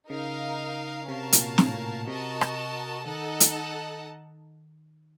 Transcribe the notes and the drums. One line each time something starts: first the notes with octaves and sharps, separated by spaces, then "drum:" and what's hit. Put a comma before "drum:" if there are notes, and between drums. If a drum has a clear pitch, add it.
C#3 D#4 A#4 F5
C3 C#4 F#4 A#4 F5 A5
A#2, drum: hi-hat
A2, drum: snare
A#2
A#2
C3 F#4 A#4 D#5 A5
drum: rim click
D#3 D#4 A4 D#5 F#5 A5
drum: hi-hat